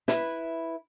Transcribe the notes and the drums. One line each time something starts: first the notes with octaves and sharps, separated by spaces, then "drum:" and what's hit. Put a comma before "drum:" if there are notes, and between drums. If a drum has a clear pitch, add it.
E4 B4, drum: snare